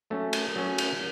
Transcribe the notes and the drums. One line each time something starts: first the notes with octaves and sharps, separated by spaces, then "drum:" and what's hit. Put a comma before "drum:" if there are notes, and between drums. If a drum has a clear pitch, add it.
F#3 A3 C#4
drum: cymbal
F#3 A3 C#4
drum: cymbal